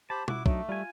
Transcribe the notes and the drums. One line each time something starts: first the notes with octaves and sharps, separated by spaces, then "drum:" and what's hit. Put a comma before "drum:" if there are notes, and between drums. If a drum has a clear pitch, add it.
G4 C5 A5 B5
E4 F#4 D6, drum: tom B2
F#3 A3 D4 D#4, drum: kick
G3 F4 G#5